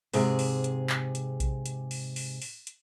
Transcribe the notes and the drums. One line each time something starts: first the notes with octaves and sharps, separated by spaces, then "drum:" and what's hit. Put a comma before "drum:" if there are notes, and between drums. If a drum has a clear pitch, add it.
G#2 C3 G#4, drum: open hi-hat
drum: open hi-hat
drum: hi-hat
drum: clap
drum: hi-hat
drum: kick A#1, hi-hat
drum: hi-hat
drum: open hi-hat
drum: open hi-hat
drum: open hi-hat
drum: hi-hat